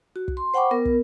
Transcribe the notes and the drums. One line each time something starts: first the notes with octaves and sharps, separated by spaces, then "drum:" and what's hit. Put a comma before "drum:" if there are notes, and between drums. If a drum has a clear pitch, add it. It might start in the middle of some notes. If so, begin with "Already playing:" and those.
F#4
drum: kick
C6
C5 F#5 G5 B5 C#6 D6
B3 A#4
drum: kick